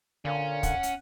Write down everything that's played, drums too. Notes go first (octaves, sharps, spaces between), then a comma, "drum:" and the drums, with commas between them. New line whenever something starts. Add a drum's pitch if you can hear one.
A#2 D3 C#4
F#5, drum: kick, hi-hat
drum: hi-hat